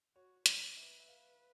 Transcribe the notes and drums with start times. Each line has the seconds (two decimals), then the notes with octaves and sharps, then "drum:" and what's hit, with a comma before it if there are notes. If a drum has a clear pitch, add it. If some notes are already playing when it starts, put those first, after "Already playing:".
0.16 F#4 C#5
0.46 C5, drum: hi-hat
0.77 B4 E5
1.00 E5
1.08 F5